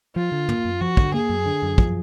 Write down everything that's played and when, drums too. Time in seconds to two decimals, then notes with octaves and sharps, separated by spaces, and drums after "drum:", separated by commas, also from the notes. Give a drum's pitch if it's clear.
0.16 F3 F4
0.32 D3
0.49 A#3, drum: tom
0.65 F#2
0.81 F3 F#4
0.97 D3, drum: kick
1.14 A#3 G#4
1.29 F#2
1.46 D3
1.63 F#2
1.78 F3, drum: kick